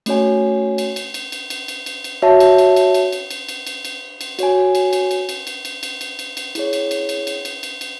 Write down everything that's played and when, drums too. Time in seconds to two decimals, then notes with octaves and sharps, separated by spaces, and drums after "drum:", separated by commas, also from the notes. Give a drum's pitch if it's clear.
0.06 A3 C#4 F#4 C#5 G#5, drum: cymbal
0.78 drum: cymbal
0.96 drum: cymbal
1.14 drum: cymbal
1.32 drum: cymbal
1.50 drum: cymbal
1.68 drum: cymbal
1.86 drum: cymbal
2.04 drum: cymbal
2.22 F#4 C#5 E5 A5
2.40 drum: cymbal
2.58 drum: cymbal
2.76 drum: cymbal
2.94 drum: cymbal
3.12 drum: cymbal
3.31 drum: cymbal
3.49 drum: cymbal
3.67 drum: cymbal
3.85 drum: cymbal
4.21 drum: cymbal
4.39 F#4 C#5 G#5, drum: cymbal
4.75 drum: cymbal
4.93 drum: cymbal
5.11 drum: cymbal
5.29 drum: cymbal
5.47 drum: cymbal
5.65 drum: cymbal
5.83 drum: cymbal
6.01 drum: cymbal
6.19 drum: cymbal
6.37 drum: cymbal
6.55 E4 G#4 C#5, drum: cymbal
6.73 drum: cymbal
6.91 drum: cymbal
7.09 drum: cymbal
7.27 drum: cymbal
7.45 drum: cymbal
7.63 drum: cymbal
7.81 drum: cymbal